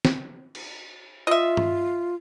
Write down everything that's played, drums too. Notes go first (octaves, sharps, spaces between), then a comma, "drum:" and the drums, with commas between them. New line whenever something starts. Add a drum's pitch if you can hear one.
drum: snare
drum: cymbal
F4 D#5 E5
drum: tom G2